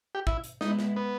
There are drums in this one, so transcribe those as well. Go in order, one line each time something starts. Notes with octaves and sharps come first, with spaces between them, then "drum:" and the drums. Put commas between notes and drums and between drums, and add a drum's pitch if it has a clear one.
G4
E4, drum: kick
drum: hi-hat
G#3 B3 D#4 E4, drum: snare
drum: snare
B3